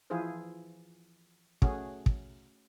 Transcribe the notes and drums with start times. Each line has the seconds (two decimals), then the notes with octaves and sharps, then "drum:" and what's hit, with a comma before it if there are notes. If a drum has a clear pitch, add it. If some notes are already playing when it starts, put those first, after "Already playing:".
0.10 E3 F3 E4 F4 G#4 C5
1.62 A3 C#4 F#4 G#4, drum: kick
2.06 drum: kick